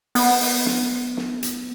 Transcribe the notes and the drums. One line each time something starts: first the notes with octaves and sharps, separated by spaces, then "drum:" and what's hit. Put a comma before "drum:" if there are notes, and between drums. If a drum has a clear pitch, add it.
B3, drum: open hi-hat
drum: open hi-hat
drum: snare
drum: snare
drum: hi-hat